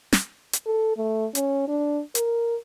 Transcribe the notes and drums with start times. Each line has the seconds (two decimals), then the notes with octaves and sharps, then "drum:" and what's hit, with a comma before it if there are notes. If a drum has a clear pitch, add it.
0.13 drum: snare
0.53 drum: hi-hat
0.66 A4
0.97 A3
1.35 C#4, drum: hi-hat
1.68 D4
2.15 A#4, drum: hi-hat